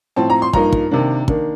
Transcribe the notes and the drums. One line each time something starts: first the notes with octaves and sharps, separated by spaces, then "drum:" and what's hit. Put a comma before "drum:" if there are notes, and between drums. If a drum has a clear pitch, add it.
A2 F3 C4 A5
A#5
C6
G2 F3 A#3 D#4 A#5, drum: kick
drum: kick
C3 D#3 A#3 D4
D#3 A#3 D4, drum: kick